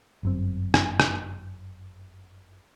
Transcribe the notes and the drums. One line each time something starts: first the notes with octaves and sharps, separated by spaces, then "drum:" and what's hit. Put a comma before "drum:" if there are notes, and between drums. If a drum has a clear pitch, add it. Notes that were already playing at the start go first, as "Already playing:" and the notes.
G1 F#2 C4
drum: rim click
drum: rim click